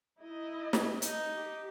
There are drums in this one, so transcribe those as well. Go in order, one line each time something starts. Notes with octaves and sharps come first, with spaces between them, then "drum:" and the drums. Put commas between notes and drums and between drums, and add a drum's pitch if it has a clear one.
D#4 E4 D#5
G4, drum: snare
D#4, drum: hi-hat
G4